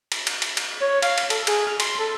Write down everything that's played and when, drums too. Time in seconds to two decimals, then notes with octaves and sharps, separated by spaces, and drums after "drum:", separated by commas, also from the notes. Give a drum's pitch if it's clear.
0.12 drum: cymbal
0.27 drum: cymbal
0.42 drum: cymbal
0.57 drum: cymbal
0.81 C#5
1.02 F5, drum: cymbal
1.18 drum: cymbal
1.30 A4, drum: cymbal
1.47 G#4, drum: cymbal
1.66 F6
1.80 C6, drum: cymbal
1.99 A4